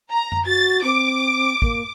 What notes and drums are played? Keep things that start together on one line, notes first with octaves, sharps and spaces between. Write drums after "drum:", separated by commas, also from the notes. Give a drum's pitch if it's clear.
A#5
drum: tom F#2
F#4 A6
C4 D6
A#3, drum: kick